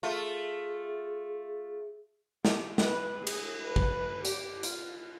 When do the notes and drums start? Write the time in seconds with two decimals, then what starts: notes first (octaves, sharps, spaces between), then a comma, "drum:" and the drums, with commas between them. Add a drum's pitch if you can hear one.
0.03 A3 F4 G#4
2.45 G4, drum: snare
2.78 B4, drum: snare
3.27 G#4, drum: cymbal
3.64 B4
3.76 drum: kick
4.25 G4, drum: hi-hat
4.63 F4, drum: hi-hat